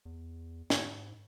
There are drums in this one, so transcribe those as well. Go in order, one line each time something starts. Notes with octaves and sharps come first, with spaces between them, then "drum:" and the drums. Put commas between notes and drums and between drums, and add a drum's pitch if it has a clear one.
E2
G#2, drum: snare